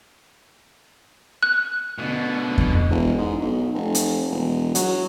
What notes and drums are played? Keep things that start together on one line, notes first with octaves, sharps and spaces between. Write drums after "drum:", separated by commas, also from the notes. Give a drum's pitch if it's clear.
F#6
B2 D3
drum: kick F2
E1
G#2
B1
F1
drum: hi-hat
E1
F#3, drum: hi-hat